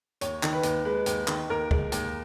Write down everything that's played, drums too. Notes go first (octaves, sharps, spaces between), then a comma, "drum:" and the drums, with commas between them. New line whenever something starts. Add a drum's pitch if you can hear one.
D#2 C#5, drum: hi-hat
D#3, drum: clap
B4
D#2, drum: hi-hat
G#3 B4
D#2, drum: hi-hat
D#3, drum: clap
D#2 A#4
G#3, drum: kick
D#2, drum: hi-hat